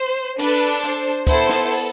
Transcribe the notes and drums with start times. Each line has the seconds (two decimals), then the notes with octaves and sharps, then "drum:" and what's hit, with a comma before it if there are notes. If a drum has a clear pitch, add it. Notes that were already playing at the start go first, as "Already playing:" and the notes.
Already playing: C5
0.39 D4 A4 B4, drum: hi-hat
0.84 C5, drum: hi-hat
1.27 B3 E4 A4 C5, drum: kick, hi-hat
1.49 drum: snare
1.72 drum: open hi-hat